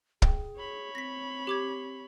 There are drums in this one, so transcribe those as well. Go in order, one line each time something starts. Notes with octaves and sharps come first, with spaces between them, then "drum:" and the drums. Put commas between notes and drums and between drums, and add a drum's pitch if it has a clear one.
G#4 G5, drum: kick
C#5 B5
C4 A#6 B6
G4 D6 G#6